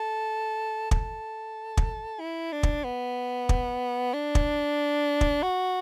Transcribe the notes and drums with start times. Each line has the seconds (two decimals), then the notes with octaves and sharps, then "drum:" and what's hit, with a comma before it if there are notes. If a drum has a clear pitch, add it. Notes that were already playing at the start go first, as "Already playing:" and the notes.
Already playing: A4
0.91 A4, drum: kick
1.77 drum: kick
2.20 E4
2.52 D4
2.63 drum: kick
2.84 B3
3.49 drum: kick
4.14 D4
4.35 drum: kick
5.21 drum: kick
5.42 F#4